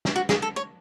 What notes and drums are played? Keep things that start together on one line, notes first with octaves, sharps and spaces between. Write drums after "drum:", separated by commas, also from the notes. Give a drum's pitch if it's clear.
drum: snare
F#4
G#4, drum: snare
A4
C#5